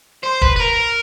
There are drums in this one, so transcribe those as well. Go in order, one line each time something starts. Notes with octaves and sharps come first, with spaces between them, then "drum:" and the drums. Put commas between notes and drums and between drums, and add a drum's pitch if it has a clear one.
C5
B4, drum: kick
B4
A#4